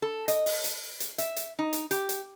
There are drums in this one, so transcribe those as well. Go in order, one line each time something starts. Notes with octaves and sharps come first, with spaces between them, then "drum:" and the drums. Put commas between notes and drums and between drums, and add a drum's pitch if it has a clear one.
A4
D#5, drum: hi-hat
drum: open hi-hat
drum: hi-hat
drum: hi-hat
E5, drum: hi-hat
drum: hi-hat
D#4
drum: hi-hat
G4, drum: hi-hat
drum: hi-hat